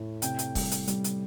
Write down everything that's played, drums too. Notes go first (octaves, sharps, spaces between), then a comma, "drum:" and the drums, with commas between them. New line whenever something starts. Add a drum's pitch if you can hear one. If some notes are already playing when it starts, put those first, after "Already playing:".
Already playing: A2
C3 G5, drum: hi-hat
drum: hi-hat
G3, drum: kick, open hi-hat
drum: hi-hat
G3, drum: hi-hat
drum: hi-hat